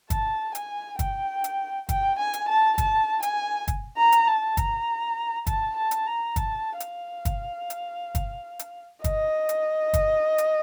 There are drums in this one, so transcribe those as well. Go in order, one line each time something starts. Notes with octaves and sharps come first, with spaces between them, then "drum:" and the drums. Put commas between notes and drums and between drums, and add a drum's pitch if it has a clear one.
A5, drum: kick, hi-hat
G#5, drum: hi-hat
G5, drum: kick, hi-hat
drum: hi-hat
G5, drum: kick, hi-hat
G#5
drum: hi-hat
A5
A5, drum: kick, hi-hat
G#5, drum: hi-hat
drum: kick, hi-hat
A#5
drum: hi-hat
A5
A#5, drum: kick, hi-hat
A5, drum: kick, hi-hat
A5
drum: hi-hat
A#5
A5, drum: kick, hi-hat
F5, drum: hi-hat
drum: kick, hi-hat
drum: hi-hat
drum: kick, hi-hat
drum: hi-hat
D#5, drum: kick, hi-hat
drum: hi-hat
drum: kick, hi-hat
drum: hi-hat